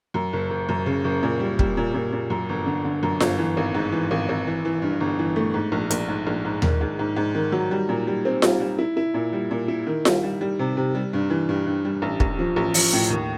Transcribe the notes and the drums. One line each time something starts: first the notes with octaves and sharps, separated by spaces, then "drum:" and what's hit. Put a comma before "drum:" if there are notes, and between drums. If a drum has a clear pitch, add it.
F#2
F#1
F#1
F#2
C#3
F#1
A#2
G3
G3, drum: kick
A#2
A#2
A#2
F#2
G1
D3
D3
F#2
G1, drum: snare F4
E3
G#1
G#2
E3
G#1
G#1
E3
E3
G2
G1
E3
A3
G#2
A#1
A#1, drum: hi-hat
G#2
A#1
G#2
D#3, drum: tom D#2
G#2
G#2
G#2
D#3
F#3
G3
A#2
G3
C4
G3, drum: snare F4
G3
E4
E4
A#2
G3
A#2
E4
D#3
G3, drum: snare F4
G3
G3
C3
C3
G3
G2
E3
G2
G2
G3
A1
A1, drum: kick
F3
A1
F3, drum: open hi-hat
A2
D#2